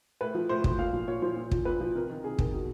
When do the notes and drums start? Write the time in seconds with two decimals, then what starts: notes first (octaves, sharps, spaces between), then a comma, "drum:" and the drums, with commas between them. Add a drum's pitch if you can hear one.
0.21 A2 B4
0.35 F3
0.49 A2 C5
0.64 F3, drum: kick
0.79 A#2 F5
0.93 F3
1.08 A#2 C#5
1.22 F3 C5
1.36 A#2
1.51 F3, drum: kick
1.65 A#2 B4
1.80 F3
1.95 C3 A#4
2.09 D#3
2.23 C3 G#4
2.39 D#3, drum: kick
2.53 B2